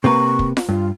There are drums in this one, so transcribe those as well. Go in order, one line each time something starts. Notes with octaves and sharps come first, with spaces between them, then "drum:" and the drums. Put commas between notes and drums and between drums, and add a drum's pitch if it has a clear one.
C3 A#3 B4 C#6
drum: kick
drum: snare F4
G2 F4